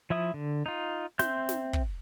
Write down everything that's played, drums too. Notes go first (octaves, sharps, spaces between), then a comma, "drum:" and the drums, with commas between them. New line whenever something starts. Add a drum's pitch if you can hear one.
F3 E4 E5 D#6
D3
D#4 F4
C4 E5 C6 G6, drum: snare
drum: snare
drum: kick